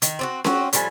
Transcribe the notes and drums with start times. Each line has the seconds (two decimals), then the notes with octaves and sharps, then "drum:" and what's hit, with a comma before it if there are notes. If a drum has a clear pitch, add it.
0.02 D#3, drum: hi-hat
0.19 C4 D4 F#4
0.44 C4 C#4 F#4, drum: snare C#4
0.73 A2 F3 G3 G#5, drum: hi-hat